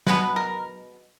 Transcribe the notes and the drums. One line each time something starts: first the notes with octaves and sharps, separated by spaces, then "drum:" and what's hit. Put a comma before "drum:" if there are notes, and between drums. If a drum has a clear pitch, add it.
B2 G#3 B3 B4, drum: snare
A#4